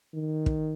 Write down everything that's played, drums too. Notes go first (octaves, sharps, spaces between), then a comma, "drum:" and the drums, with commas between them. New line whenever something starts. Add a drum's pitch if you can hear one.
D#3
drum: kick